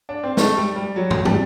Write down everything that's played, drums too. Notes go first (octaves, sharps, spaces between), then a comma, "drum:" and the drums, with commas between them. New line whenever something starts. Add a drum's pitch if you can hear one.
D4
C4
A3, drum: snare
G3
G3
F#3
drum: tom
G3, drum: tom